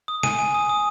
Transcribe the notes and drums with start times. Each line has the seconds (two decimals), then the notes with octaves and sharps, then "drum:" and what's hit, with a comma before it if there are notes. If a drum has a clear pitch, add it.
0.08 D#6
0.23 G#5 D#7, drum: snare
0.39 G#5
0.54 D#6
0.69 D#6